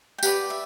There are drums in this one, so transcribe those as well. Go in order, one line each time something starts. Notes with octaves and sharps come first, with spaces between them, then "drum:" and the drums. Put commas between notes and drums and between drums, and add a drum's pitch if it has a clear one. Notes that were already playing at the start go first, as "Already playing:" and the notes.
G5
G4 B4 D5 F#5, drum: tambourine
E5